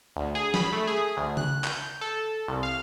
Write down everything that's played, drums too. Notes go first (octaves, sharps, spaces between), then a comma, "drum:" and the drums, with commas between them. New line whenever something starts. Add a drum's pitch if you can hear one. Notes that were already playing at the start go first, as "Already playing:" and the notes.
D2
G#4
B5, drum: snare
A3
G#4
D2
F#6, drum: tom C#3
G6, drum: clap
A4
C2
F5